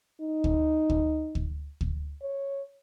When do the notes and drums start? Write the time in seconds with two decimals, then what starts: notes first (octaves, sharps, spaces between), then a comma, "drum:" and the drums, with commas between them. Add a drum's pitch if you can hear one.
0.21 D#4
0.44 drum: kick
0.90 drum: kick
1.35 drum: kick
1.81 drum: kick
2.22 C#5